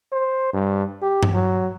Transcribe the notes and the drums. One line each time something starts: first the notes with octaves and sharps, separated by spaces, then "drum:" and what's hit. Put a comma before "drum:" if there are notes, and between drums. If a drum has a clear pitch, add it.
C5
G2
G4
drum: tom G2
F#3